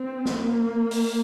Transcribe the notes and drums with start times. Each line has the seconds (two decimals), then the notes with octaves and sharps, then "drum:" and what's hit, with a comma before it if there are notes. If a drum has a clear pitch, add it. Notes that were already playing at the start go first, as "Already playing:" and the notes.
Already playing: C4
0.25 drum: snare B3
0.37 A#3
0.91 drum: open hi-hat